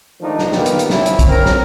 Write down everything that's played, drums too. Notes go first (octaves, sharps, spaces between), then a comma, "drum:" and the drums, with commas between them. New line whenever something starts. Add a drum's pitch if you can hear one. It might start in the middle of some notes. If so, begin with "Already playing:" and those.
D#3 F3 G#3 A3 D4 D#4
drum: snare
A#2 D#3 A#3 B3 F4 G4, drum: snare
drum: hi-hat
drum: hi-hat
F3 C4 C#4 E4, drum: snare
drum: hi-hat
drum: kick, hi-hat
C4 C#4 A#4
drum: snare